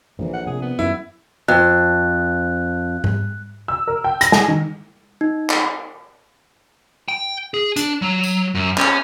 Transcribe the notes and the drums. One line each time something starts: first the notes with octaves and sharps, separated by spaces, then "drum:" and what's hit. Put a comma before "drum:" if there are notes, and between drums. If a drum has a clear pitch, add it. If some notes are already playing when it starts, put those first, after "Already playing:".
A#1 A2 E3
F#5
C3 G#4
B3
D#1 F#2 E4
F2 F#6
drum: tom G#2
E6
A#4
G5
A#6, drum: hi-hat
G#5, drum: snare
D#3
D#4
drum: clap
G5
G#4
D4, drum: hi-hat
F#3
drum: tambourine
F#2
C#4, drum: clap